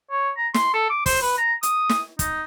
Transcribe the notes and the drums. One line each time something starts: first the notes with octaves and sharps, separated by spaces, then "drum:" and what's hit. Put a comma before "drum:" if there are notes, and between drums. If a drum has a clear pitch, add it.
C#5
A#5
C6, drum: snare
A4
D6
C5, drum: kick, open hi-hat
B4
A#5
D#6, drum: hi-hat
drum: snare
D#4, drum: kick, hi-hat